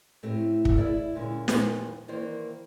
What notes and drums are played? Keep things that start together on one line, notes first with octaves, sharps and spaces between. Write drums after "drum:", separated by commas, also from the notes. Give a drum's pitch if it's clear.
A2 A3 C4 G4
drum: kick
E4 G#4 A#4 D5 E5 F5
A#2 D3 G#3 C#4 E4
D#2 A#2 F3 B4, drum: snare
D#3 E3 A#3 C5 D5